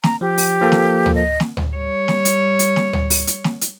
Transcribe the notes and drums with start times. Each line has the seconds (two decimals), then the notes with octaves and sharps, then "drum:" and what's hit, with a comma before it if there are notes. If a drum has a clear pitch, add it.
0.04 A#5, drum: snare
0.21 F3 G4
0.38 drum: open hi-hat
0.61 F3 A#3 A4
0.72 drum: snare
1.06 drum: tom D2
1.15 D#5
1.40 drum: snare
1.57 drum: tom D2
1.75 G3 C#5
2.08 drum: snare
2.25 drum: hi-hat
2.59 drum: hi-hat
2.76 drum: snare
2.93 drum: tom D2
3.10 drum: open hi-hat
3.27 drum: hi-hat
3.44 drum: snare
3.61 drum: hi-hat